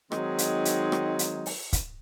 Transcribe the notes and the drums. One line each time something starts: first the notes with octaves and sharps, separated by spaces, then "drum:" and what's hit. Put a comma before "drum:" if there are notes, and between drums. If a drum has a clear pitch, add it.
D#3 F#3 G#3 C4 D#4, drum: rim click
drum: hi-hat
drum: hi-hat
drum: rim click
drum: hi-hat
drum: open hi-hat
drum: kick, hi-hat